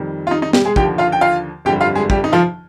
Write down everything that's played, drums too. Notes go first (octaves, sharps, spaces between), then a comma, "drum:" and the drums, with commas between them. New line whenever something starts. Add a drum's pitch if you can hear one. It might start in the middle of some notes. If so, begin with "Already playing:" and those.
Already playing: F2 D#3 G3
F4
D#4
D#4
G3 G4, drum: snare
G#3 G#4
D#2 D3 F3 G4 G5, drum: kick
F4 F5
G5
F4 F5
G1 F2 D3 G3 G4 G5
F4 F5
G#3 G#4
G3 G4, drum: kick
D#4
F3 F4